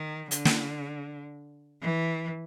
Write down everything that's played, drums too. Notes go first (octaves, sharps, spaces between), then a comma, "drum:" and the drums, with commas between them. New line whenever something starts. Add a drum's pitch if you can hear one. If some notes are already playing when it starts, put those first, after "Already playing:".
Already playing: D#3
D3, drum: hi-hat
drum: snare
E3